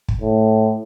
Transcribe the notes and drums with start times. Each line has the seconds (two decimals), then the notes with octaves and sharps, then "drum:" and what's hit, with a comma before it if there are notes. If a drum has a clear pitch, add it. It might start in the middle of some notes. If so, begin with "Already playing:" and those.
0.08 drum: kick
0.22 A2